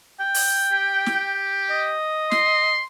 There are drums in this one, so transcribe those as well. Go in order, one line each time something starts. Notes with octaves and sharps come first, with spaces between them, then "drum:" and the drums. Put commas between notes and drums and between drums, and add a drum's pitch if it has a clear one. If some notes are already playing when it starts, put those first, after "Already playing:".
G5
drum: open hi-hat
G4
drum: snare
D#5
C6, drum: snare